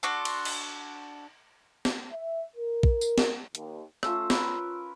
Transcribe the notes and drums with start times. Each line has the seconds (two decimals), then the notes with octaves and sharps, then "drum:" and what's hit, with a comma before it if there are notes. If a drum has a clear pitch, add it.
0.03 D4 F#4 A4 C6
0.25 drum: cymbal
0.45 drum: cymbal
1.85 drum: snare
2.12 E5
2.55 A#4
2.83 drum: kick A#1
3.01 drum: tambourine
3.18 drum: snare
3.55 D#2, drum: hi-hat
4.03 A3 C#4 F4 E6, drum: rim click
4.30 A#4 B4 C#5, drum: snare